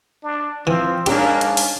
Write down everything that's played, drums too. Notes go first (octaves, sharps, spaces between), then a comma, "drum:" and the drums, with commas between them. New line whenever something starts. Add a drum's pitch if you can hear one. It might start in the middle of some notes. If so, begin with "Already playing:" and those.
D4
E3 F3 C4
G2 A#3 C#4 D4 G4 G#4 F5 A5, drum: cymbal
drum: hi-hat
drum: open hi-hat